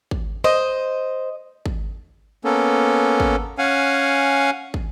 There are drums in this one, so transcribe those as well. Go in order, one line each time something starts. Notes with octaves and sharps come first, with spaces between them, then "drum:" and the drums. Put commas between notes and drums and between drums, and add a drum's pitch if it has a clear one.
drum: kick
C5 D#5
drum: kick
A#3 B3 C#4 A4
drum: kick
C#4 F5 F#5 G#5
drum: kick